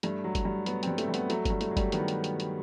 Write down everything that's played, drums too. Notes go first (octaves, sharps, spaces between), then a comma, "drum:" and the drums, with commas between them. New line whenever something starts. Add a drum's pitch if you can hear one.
G2 A3, drum: hi-hat
F#3
drum: kick F#1, hi-hat
G2
F#3 B3, drum: hi-hat
G2 C4, drum: hi-hat
A3, drum: hi-hat
G2
B3, drum: hi-hat
F#3 A3, drum: hi-hat
G2 A3, drum: kick F#1, hi-hat
A3, drum: hi-hat
F#3
G3, drum: kick F#1, hi-hat
D#3 B3, drum: hi-hat
drum: hi-hat
drum: hi-hat
drum: hi-hat